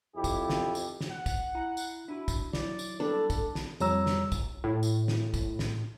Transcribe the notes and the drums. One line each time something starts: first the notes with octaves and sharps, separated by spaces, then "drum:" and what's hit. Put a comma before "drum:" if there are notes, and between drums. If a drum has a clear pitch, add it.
F2 E4 G4
drum: kick, tambourine
drum: snare
drum: tambourine
drum: snare
F#5
drum: kick, tambourine
E4 A#5
drum: tambourine
D4 E4 F#4 B5
drum: kick, tambourine
F#3 E4 D5, drum: snare
drum: tambourine
G3 D4 A4
drum: kick, tambourine
drum: snare
F2 G3 C#5 A#5 E6, drum: tambourine
drum: snare
drum: kick, tambourine
A2
drum: tambourine
drum: snare
drum: kick, tambourine
drum: snare